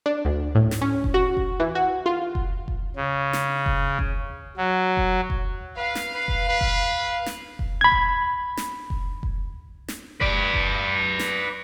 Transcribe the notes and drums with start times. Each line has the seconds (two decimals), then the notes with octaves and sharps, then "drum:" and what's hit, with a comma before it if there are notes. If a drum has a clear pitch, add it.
0.06 D4
0.25 D2
0.55 A2
0.71 drum: snare
0.81 C#4
1.04 drum: kick F1
1.14 F#4
1.37 drum: kick F1
1.60 E3
1.75 F#4
2.06 F4
2.35 drum: kick F1
2.68 drum: kick F1
2.96 C#3
3.33 drum: snare
3.66 drum: kick F1
3.99 drum: kick F1
4.57 F#3
4.97 drum: kick F1
5.30 drum: kick F1
5.77 B4 F5
5.95 drum: snare
6.14 B4
6.28 drum: kick F1
6.49 B4
6.61 drum: kick F1
7.26 drum: snare
7.59 drum: kick F1
7.81 B5 G#6
7.92 drum: kick F1
8.57 drum: snare
8.90 drum: kick F1
9.23 drum: kick F1
9.88 drum: snare
10.21 B4 D5, drum: kick F1
10.54 drum: kick F1
11.19 drum: snare